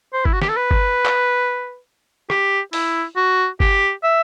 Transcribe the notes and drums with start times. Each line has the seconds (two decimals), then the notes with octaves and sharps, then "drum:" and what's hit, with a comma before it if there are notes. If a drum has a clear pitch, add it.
0.13 C5
0.25 E4, drum: kick G1
0.33 F#4
0.42 G4, drum: snare
0.49 A4
0.57 B4
0.71 drum: kick G1
1.06 drum: clap
2.30 G4, drum: rim click
2.73 E4, drum: open hi-hat
3.16 F#4
3.60 G4, drum: kick G1
4.03 E5